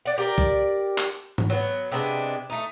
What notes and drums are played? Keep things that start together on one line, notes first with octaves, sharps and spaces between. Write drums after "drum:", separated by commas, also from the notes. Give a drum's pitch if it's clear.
D5 F#5
G4 A#4 D5
drum: kick
drum: clap
drum: tom G#2
F#3 B3
C3 G#3 B3 D4
A3 D#4